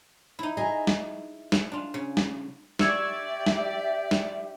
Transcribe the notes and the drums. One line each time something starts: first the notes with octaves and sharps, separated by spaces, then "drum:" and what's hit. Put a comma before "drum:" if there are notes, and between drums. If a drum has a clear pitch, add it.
D#4 E4
G#4 D#5 E5 A#5
drum: snare
drum: snare
D4 F4
C#3
drum: snare
G4 D5 E5 C#6 E6 G#6, drum: snare
drum: snare
drum: snare